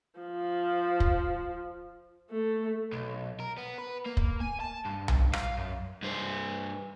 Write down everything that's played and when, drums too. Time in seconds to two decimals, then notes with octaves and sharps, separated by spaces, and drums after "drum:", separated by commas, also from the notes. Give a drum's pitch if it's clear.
0.20 F3
1.00 drum: kick
2.30 A3
2.93 B1
3.40 A#4
3.58 B3
3.78 B4
4.06 A#3
4.17 drum: kick
4.41 G#5
4.61 A5
4.85 G2
5.08 drum: tom B1
5.33 F5, drum: rim click
5.57 F#2
6.03 G2 C5